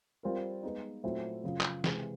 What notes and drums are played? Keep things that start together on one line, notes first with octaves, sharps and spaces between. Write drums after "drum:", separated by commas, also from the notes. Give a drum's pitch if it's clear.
G3 C4 F4 A#4
G#3 B3 D#4
A#2 F#3 A3 C4 E4
F#2 C#3 F3
drum: clap
C3 E3 G#3, drum: snare